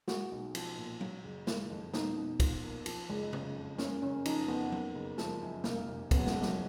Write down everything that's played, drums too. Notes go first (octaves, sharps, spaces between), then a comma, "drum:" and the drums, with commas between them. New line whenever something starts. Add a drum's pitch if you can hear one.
G#3 F#4, drum: snare
B1
F3, drum: cymbal
A#2
F#3, drum: tom F#3
F#1
D#3, drum: snare
F2
B2 D#4, drum: snare
B2
F4, drum: kick, cymbal
A#3
F3, drum: cymbal
F#1 G#3
C#3, drum: tom
F2
A#3 C#4, drum: snare
F#1 C#4
F3 D#4, drum: cymbal
F2 B3
A#3, drum: tom F#3
F#1
F3, drum: snare
F#2
F1 A#3, drum: snare
F1
C#3 B3, drum: kick, cymbal
F#3
G#3, drum: snare
F2
F#3, drum: snare